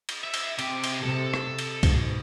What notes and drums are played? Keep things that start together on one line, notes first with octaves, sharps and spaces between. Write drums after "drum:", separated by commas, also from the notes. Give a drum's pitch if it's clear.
drum: cymbal
E5
drum: cymbal
C3 G4, drum: cymbal
drum: cymbal
C3 A4
drum: rim click
drum: cymbal
G#2 B2, drum: kick C2, cymbal